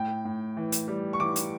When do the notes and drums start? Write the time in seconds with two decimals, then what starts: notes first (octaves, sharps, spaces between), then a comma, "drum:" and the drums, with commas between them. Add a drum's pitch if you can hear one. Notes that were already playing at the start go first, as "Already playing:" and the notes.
Already playing: A2 G5
0.25 A2
0.57 E3
0.72 drum: hi-hat
0.88 G3
1.13 C#6
1.20 E3 D6
1.36 drum: hi-hat